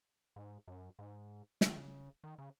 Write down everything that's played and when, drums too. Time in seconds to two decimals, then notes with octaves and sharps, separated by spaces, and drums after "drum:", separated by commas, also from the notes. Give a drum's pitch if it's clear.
0.36 G#2
0.68 F#2
0.99 G#2
1.61 C#3, drum: snare
1.69 D#3
1.77 C#3
2.24 D#3
2.38 C#3